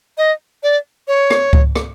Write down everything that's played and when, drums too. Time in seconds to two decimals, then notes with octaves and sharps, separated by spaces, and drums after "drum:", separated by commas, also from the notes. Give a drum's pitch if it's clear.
0.18 D#5
0.63 D5
1.08 C#5
1.30 drum: rim click
1.53 drum: kick C#2
1.76 drum: rim click